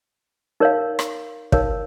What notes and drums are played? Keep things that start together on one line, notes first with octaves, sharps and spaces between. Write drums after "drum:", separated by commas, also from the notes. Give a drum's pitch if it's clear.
D#4 A#4 C#5 F5
drum: rim click
D#4 A#4 C#5 F5, drum: kick